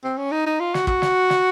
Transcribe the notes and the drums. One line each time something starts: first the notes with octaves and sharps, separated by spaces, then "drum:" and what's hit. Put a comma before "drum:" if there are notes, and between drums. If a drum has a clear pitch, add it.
C4
C#4
D#4
D#4
F4
F#4, drum: snare
F#4, drum: kick
drum: snare
drum: snare